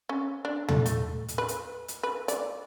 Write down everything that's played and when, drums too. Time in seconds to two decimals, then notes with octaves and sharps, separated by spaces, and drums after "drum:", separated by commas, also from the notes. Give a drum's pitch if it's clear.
0.09 C#4
0.45 D4
0.69 A4, drum: tom
0.86 A3, drum: hi-hat
1.28 drum: hi-hat
1.38 B4
1.48 drum: hi-hat
1.88 drum: hi-hat
2.03 B4
2.28 D5, drum: hi-hat